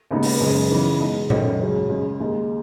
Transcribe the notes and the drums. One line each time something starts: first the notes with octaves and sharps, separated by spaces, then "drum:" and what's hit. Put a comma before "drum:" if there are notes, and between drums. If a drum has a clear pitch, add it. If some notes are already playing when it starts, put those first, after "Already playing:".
D#2 C#3 G#3 B3 D#4
drum: open hi-hat
F#2 C#3 G#3
C#3 E3 B3 D#4
B2 G#3 D#4
F#2 D#3 A3 C#4, drum: tom A#2
C#2 C#3 F#3 C#4
C#2 C#3 G#3
D#2 D#3 G#3 D#4